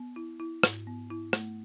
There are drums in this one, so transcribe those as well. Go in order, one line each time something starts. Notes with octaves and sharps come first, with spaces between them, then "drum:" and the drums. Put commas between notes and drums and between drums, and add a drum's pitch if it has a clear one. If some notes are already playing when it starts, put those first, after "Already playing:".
Already playing: B3
E4
E4
G#2, drum: rim click
B3
E4
A3, drum: rim click